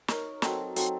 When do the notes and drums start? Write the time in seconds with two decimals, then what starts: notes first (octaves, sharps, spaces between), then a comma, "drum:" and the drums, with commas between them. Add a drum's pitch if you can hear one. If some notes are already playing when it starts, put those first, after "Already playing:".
0.08 D#4 A#4 C#5, drum: snare
0.42 F#3 C4 D#4 A4, drum: snare
0.76 F#3 C4 D#4 A4, drum: hi-hat